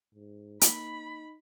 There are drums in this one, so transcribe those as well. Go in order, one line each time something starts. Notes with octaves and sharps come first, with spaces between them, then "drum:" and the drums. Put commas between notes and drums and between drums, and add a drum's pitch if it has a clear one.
G#2
A#3 D#4 B5, drum: hi-hat